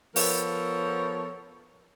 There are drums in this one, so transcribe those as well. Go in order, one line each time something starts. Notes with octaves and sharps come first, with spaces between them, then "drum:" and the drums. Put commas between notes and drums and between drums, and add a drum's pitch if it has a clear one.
F3 B3 A4 A#4 C#5, drum: open hi-hat